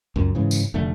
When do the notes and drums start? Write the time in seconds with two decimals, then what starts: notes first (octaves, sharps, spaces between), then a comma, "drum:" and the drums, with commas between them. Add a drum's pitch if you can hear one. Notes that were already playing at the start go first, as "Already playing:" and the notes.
0.16 C#2 F#2
0.35 G#2 C#3 E3
0.51 drum: tambourine
0.74 F1 D3 A3